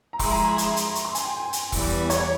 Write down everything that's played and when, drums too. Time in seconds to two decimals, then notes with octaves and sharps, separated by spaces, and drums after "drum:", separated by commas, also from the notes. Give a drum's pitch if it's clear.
0.13 A#5
0.19 F3 G#3 E4 G#4 C6, drum: kick E1, open hi-hat
0.31 A#5
0.45 C6
0.58 C6, drum: hi-hat
0.77 drum: hi-hat
0.95 C#6, drum: hi-hat
1.05 C6
1.15 G#5, drum: hi-hat
1.25 G5
1.53 drum: hi-hat
1.72 E2 E3 G3, drum: kick E1, open hi-hat
2.10 C#5, drum: hi-hat